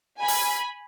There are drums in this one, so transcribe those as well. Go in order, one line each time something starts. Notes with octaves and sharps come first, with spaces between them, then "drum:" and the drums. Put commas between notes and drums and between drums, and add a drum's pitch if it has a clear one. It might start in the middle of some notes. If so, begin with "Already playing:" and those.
G#5 B5
drum: open hi-hat